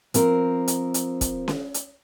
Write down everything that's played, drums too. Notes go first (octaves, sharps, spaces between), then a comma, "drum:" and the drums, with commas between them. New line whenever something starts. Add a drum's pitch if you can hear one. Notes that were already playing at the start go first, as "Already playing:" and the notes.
F3 C4 A#4, drum: hi-hat
drum: hi-hat
drum: hi-hat
drum: kick, hi-hat
drum: snare C#4
drum: hi-hat